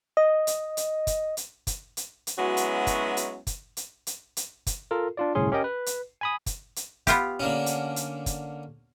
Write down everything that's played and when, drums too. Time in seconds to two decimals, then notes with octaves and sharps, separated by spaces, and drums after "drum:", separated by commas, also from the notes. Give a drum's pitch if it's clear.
0.17 D#5
0.47 drum: hi-hat
0.77 drum: hi-hat
1.07 drum: kick, hi-hat
1.37 drum: hi-hat
1.67 drum: kick, hi-hat
1.97 drum: hi-hat
2.27 drum: hi-hat
2.38 F#3 G#3 B3 C#4 E4 F#4
2.57 drum: hi-hat
2.87 drum: kick, hi-hat
3.17 drum: hi-hat
3.47 drum: kick, hi-hat
3.77 drum: hi-hat
4.07 drum: hi-hat
4.37 drum: hi-hat
4.67 drum: kick, hi-hat
4.91 F4 A4 A#4
5.17 D4 F4 D5
5.35 G1 C2 A2 C#4 G#4 C6
5.52 C#4 G4 A#4 D#5 G5
5.64 B4
5.86 drum: hi-hat
6.21 G#5 B5 D#6
6.46 drum: kick, hi-hat
6.76 drum: hi-hat
7.07 B3 F4 G4, drum: kick, hi-hat
7.40 D3 A#3 C#4
7.66 drum: hi-hat
7.96 drum: hi-hat
8.26 drum: kick, hi-hat